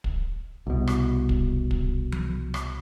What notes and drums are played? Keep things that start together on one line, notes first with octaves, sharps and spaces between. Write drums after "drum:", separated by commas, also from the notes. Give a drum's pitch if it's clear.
drum: kick
C2 B2
drum: rim click
drum: kick
drum: kick
drum: tom F3
drum: rim click